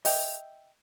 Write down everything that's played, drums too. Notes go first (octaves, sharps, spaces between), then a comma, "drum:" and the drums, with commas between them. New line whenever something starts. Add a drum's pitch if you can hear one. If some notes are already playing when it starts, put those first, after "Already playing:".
D#5 E5 G5, drum: open hi-hat